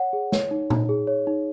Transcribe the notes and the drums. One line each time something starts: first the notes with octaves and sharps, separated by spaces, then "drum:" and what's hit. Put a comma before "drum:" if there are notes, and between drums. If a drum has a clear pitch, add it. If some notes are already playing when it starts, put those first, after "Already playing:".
Already playing: C#5 F#5
G#4
C#5, drum: snare
D#4
D#4, drum: tom A#2
G#4
C#5
D#4